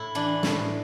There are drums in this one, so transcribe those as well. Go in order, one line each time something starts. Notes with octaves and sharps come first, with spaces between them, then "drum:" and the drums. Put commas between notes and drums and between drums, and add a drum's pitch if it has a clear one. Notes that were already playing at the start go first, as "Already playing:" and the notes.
Already playing: A2 E4
E3 D4
A2, drum: snare